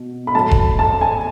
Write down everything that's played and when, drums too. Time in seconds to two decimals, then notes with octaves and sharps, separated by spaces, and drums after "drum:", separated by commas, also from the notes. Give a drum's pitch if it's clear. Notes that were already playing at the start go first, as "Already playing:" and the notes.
Already playing: B2
0.27 B5
0.34 A2 F#3 A3 A5
0.51 drum: kick F1
0.79 A5
1.01 G#5